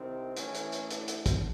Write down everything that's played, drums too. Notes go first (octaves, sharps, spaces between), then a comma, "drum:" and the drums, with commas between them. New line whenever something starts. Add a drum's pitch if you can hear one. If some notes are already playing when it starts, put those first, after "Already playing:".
Already playing: C2 C3 D#3 C4
A1 A2 E3 C#4, drum: hi-hat
drum: hi-hat
drum: hi-hat
D4, drum: hi-hat
drum: hi-hat
drum: kick, hi-hat